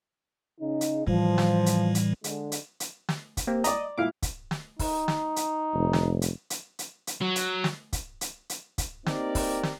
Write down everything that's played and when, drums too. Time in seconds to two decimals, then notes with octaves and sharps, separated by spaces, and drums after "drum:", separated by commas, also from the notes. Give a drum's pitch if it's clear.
0.60 C#3 D#4
0.81 drum: hi-hat
1.07 A2 E3 F3 G3, drum: kick
1.38 drum: snare
1.66 drum: hi-hat
1.95 drum: hi-hat
2.24 D3 G#3, drum: hi-hat
2.52 drum: hi-hat
2.80 drum: hi-hat
3.09 drum: snare
3.37 drum: kick, hi-hat
3.47 A#3 C4 G4
3.64 D5 D#5 A#5, drum: hi-hat
3.98 A#2 E4 F5 D6
4.22 drum: kick, hi-hat
4.51 drum: snare
4.79 D#4, drum: kick, open hi-hat
5.08 drum: snare
5.36 drum: hi-hat
5.74 F1
5.93 drum: snare
6.22 drum: hi-hat
6.50 drum: hi-hat
6.79 drum: hi-hat
7.07 drum: hi-hat
7.22 F#3
7.36 drum: hi-hat
7.64 drum: snare
7.93 drum: kick, hi-hat
8.21 drum: hi-hat
8.50 drum: hi-hat
8.78 drum: kick, hi-hat
9.06 A#3 C4 D#4 G4 A#4 D5, drum: snare
9.35 drum: kick, open hi-hat
9.63 drum: snare